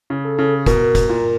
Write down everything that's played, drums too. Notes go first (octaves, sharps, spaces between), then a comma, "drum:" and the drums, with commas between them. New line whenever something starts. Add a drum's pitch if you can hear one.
C#3
A4
C#3
B2 A#4, drum: kick F1, hi-hat
drum: kick F1, hi-hat
A#2